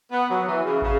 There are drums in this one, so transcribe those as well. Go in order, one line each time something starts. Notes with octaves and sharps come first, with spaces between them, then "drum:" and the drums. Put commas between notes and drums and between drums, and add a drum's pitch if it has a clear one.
B3
F#3
E3
C#3
C#3, drum: kick